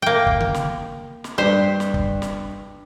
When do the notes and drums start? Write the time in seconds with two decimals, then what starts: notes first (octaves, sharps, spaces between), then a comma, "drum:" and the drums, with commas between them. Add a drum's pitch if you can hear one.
0.02 A#3 G5
0.27 drum: kick
0.40 drum: tom C#3
0.54 drum: snare
1.24 drum: snare
1.38 G2 C5
1.80 drum: snare
1.94 drum: kick
2.22 drum: snare